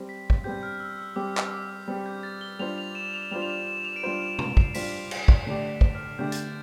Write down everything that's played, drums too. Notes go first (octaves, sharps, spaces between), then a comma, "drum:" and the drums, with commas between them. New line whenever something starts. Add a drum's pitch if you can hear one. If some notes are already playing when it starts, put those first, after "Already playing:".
Already playing: G3 C4 G4
B6
drum: kick
G3 C4 G4 G6
F6
E6
E6
G3 C4 G4 D6
drum: clap
D6
E6
G3 C4 G4
G6
A6
G7
G3 D4 F4 C5 F7
F7
E7
F7
G3 D4 F4 C5 F7
F7
E7
E7
F7
D7
G3 D4 F4 C5 E7
E7
E7
D7, drum: tom
C7, drum: kick
G3 D4 F4 C5 B6, drum: open hi-hat
C7
D7, drum: cymbal
B6, drum: kick
D3 A3 D4 G4 D5 C7
drum: kick
F6
D3 A3 D4 G4 D5 G6
A6, drum: hi-hat
G6